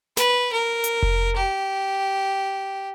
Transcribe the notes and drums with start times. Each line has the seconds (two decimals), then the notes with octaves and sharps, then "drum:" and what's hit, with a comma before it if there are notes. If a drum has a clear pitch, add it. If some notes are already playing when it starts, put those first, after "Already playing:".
0.17 B4, drum: snare
0.53 A#4
0.84 drum: hi-hat
1.03 drum: kick F1
1.36 G4